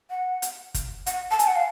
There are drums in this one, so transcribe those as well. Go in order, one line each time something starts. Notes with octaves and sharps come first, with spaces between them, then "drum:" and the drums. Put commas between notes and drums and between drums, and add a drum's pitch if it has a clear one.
F#5
drum: hi-hat
drum: kick, hi-hat
F#5, drum: hi-hat
A5
G#5, drum: hi-hat
F#5
F5